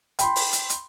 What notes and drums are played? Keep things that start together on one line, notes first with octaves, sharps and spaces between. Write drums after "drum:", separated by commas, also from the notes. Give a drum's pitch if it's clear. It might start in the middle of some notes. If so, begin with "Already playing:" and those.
G5 B5 C6, drum: hi-hat
drum: open hi-hat
drum: hi-hat
drum: hi-hat